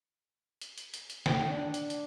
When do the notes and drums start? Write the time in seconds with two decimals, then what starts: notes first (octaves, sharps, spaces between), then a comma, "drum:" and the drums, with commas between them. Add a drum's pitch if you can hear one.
0.61 drum: hi-hat
0.78 drum: hi-hat
0.94 drum: hi-hat
1.10 drum: hi-hat
1.26 G5, drum: snare
1.50 D4
1.74 drum: hi-hat
1.90 drum: hi-hat